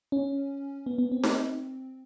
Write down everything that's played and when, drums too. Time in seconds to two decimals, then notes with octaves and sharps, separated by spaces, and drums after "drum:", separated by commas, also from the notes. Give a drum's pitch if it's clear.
0.12 C#4
0.86 B3
0.98 B3
1.12 C4
1.23 drum: snare D#4